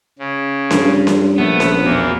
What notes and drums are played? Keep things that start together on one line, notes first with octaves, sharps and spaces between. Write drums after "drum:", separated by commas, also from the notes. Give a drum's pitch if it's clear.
C#3
G2, drum: snare C#4
drum: snare C#4
A#1 A3 B3
drum: snare C#4
E2 B2 A#3